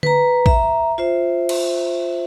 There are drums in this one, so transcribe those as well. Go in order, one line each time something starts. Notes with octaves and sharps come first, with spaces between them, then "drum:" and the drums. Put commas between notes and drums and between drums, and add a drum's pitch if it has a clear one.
B4 A#5, drum: tom D3
E5 A#5, drum: kick
F4 C5 E5
drum: cymbal